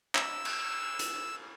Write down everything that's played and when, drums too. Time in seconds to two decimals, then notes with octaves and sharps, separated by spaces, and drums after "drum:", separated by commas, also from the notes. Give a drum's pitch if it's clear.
0.15 E6, drum: clap
0.45 drum: cymbal
0.99 drum: hi-hat